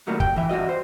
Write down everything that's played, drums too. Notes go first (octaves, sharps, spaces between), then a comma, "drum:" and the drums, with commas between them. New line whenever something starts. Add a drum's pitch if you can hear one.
D#2 A2 F#3 G3 A3 A#3
G5, drum: kick
E3 E5
G2 G3 F#4 D#5
C5